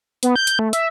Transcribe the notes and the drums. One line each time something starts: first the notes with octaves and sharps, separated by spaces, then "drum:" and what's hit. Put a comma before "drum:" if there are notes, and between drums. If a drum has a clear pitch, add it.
B3, drum: hi-hat
G6
drum: hi-hat
A3
E5, drum: hi-hat